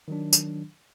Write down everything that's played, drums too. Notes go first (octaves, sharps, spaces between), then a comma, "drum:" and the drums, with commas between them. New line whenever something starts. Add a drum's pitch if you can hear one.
D#3 F#3 D4
drum: tambourine